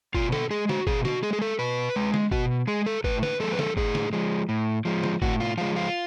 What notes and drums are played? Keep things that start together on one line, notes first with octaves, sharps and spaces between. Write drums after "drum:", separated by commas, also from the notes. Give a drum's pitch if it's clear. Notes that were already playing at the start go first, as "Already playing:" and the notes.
B2 F4, drum: kick G1
A4, drum: snare
G#3 G#4
F#4, drum: snare
B2 G#4, drum: kick G1
F#4, drum: snare
G#3 G#4
G#4
A4
B2 B4
G#3
drum: snare
B2 F#4, drum: kick G1
G#3 G#4
A4
A2 B4, drum: kick G1
B4, drum: snare
F3 G#3 A4
B4
A4, drum: snare
A2 G#4, drum: kick G1
drum: snare
F3 G#3
A2
F3 G#3
drum: snare
A2 F#4, drum: kick G1
F4
F3 G#3 F4
F4